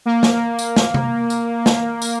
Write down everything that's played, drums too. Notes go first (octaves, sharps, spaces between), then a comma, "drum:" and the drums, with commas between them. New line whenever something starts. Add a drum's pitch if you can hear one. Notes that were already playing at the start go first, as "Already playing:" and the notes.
A#3
drum: snare
drum: tambourine
drum: snare
drum: tom C3
drum: tambourine
drum: snare
drum: tambourine